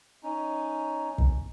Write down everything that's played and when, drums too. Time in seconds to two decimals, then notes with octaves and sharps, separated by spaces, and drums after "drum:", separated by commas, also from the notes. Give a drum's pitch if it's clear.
0.23 C#4 D#4
1.18 drum: kick